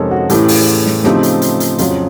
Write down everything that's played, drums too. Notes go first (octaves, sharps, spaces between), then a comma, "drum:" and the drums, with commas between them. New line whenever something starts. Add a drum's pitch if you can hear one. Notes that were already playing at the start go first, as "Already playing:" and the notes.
Already playing: F2 C3 D#3 G#3 C#4 G4 A4 A#4
F#4
A2 E3 A3 C#4 G4, drum: hi-hat
G#4, drum: open hi-hat
drum: snare
C#3 F3 A3 C4 D#4 G4, drum: snare
drum: hi-hat
drum: hi-hat
drum: hi-hat
F2 C#3 F#3 F4, drum: hi-hat